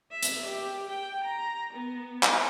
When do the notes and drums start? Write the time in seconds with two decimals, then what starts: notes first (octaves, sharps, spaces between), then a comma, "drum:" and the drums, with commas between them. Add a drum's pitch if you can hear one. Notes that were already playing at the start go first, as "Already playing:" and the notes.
0.11 E5
0.23 drum: hi-hat
0.46 G4
0.89 G5
1.24 A#5
1.73 B3
2.23 drum: clap